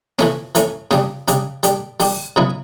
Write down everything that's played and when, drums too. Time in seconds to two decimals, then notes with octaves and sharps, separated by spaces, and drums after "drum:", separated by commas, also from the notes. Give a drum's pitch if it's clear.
0.19 E3 A3 C#4, drum: snare
0.55 E3 A3 C#4, drum: hi-hat
0.91 C#3 G3 D4, drum: snare
1.28 C#3 G3 D4, drum: hi-hat
1.63 G3 D4 G4, drum: hi-hat
2.00 G3 D4 G4, drum: open hi-hat
2.36 C#3 F#3 B3 E4